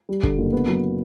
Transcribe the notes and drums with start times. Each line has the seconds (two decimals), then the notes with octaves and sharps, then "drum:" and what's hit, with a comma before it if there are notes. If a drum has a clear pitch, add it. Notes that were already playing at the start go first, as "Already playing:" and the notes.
0.09 G3
0.23 D3, drum: kick
0.38 F#1
0.53 B3
0.67 F#3